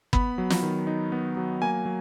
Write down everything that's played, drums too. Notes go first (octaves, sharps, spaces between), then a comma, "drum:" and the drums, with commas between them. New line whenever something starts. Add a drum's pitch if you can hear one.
B3 B5, drum: kick
F#3
drum: snare
D#3
D#4
B3
F#3
A#3 G#5
F#3